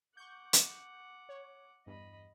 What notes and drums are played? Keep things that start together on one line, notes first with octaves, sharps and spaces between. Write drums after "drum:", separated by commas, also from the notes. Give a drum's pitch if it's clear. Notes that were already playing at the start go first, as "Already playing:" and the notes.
F#5 C#6 D6 G6
drum: hi-hat
C#5
E2 G2 D#5 B5